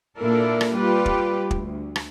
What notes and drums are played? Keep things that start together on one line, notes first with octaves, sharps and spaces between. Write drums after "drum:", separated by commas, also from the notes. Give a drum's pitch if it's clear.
A#2 D4 E4 A4 A#4
drum: rim click
G3 F4 G4 B4
drum: kick
D2, drum: kick
drum: rim click